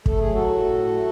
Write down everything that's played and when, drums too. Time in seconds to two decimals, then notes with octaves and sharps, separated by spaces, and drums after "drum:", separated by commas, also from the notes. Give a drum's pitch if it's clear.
0.06 A3 A4, drum: kick
0.19 G#4
0.26 F#3
0.32 F#4 A4
0.44 A2
0.64 A2
0.83 A3